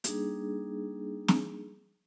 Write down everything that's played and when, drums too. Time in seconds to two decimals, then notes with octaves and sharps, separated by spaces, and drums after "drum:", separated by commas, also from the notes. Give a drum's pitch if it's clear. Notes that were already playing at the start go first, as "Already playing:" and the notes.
0.04 G3 A#3 D4 D#4 G#4, drum: hi-hat
1.28 drum: snare